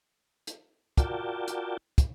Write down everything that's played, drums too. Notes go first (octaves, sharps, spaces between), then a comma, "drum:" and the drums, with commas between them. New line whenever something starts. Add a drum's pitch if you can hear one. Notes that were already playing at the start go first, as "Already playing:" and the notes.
drum: hi-hat
F4 F#4 A#4 D5 G5 A5, drum: kick, hi-hat
drum: hi-hat
drum: kick, hi-hat